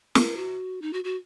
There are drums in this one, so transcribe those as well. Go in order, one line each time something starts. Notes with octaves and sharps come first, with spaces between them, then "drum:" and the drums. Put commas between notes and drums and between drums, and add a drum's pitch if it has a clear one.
A#4, drum: snare
F#4
D#4
F#4
F#4